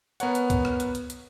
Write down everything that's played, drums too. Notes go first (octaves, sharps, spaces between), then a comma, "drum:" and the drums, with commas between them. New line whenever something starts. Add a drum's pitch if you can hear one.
B3 A#4 C#5 F#5, drum: hi-hat
drum: hi-hat
drum: kick, hi-hat
drum: rim click
drum: hi-hat
drum: hi-hat
drum: hi-hat